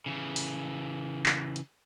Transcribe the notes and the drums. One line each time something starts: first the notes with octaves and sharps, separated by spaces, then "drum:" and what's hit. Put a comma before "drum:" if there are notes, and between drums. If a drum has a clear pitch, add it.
C#3 E3
drum: open hi-hat
drum: clap
drum: hi-hat